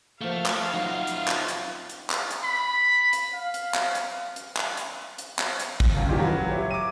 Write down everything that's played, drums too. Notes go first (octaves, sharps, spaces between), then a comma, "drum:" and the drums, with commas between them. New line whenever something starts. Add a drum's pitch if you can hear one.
F3 A3 A#3 F5
drum: clap
F#3 D#4 F4
drum: hi-hat
drum: clap
drum: hi-hat
drum: hi-hat
drum: clap
drum: hi-hat
B5
drum: hi-hat
F5
drum: hi-hat
drum: clap
drum: hi-hat
drum: hi-hat
drum: clap
drum: hi-hat
drum: hi-hat
drum: clap
drum: hi-hat
drum: kick
C#2 F#2
A#2 D#3 E3 G3 C#4 G4
F#3 B4
G4 C#5 E5
D6 D#7